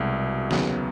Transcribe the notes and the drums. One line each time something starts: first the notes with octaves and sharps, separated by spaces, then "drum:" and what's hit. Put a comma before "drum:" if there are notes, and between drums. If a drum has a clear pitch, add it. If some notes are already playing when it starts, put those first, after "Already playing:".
Already playing: C2 B2 G#3
D#2 C#3 F#3 B3, drum: snare